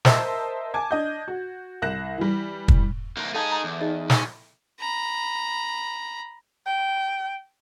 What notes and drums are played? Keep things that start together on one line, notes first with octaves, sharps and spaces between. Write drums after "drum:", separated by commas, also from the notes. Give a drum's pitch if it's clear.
A#4 C5 D#5 E5 A5 E6, drum: snare
G#5 A5 D6 G#6
D4 D#5 G6
F#4
C2 F#6 A#6 E7
E3 G3
drum: kick
C2 A#3
D#4 G#4 A4 F5 A5
A#5
E2
D#4 G#4 D#5
C#4, drum: snare
A#5 B5
G5